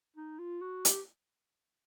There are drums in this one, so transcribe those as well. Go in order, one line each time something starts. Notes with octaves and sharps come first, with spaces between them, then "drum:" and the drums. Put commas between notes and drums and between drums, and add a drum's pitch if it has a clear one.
D#4
F4
F#4
G4, drum: hi-hat